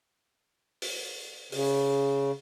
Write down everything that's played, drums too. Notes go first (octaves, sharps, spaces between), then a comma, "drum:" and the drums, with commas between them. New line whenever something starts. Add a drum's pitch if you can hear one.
drum: open hi-hat
C#3, drum: open hi-hat